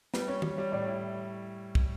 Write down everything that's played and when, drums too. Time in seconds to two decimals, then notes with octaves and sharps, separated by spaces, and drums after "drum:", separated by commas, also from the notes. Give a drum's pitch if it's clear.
0.14 G3 B4, drum: snare
0.28 C#4 C#5
0.42 G3 C#5, drum: tom D#3
0.57 G3 C#5
0.72 A2 D5
0.82 E4 C#5
1.75 drum: kick